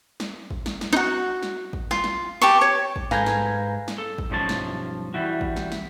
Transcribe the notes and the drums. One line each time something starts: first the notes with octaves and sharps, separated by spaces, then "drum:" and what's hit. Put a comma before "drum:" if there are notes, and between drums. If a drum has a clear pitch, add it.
drum: snare
drum: kick
drum: snare
drum: snare
D#4 F#4
drum: snare
drum: kick
F4, drum: snare
drum: snare
G4 A5 C#6
C#5
drum: kick
G#2 A4 B4 F5 G#5 A#5 G6 G#6, drum: snare
drum: snare
drum: snare
A4
drum: kick
B1 G2 F3 C#4 A5
drum: snare
E3 G3 E4 F#4
drum: kick
drum: snare
drum: snare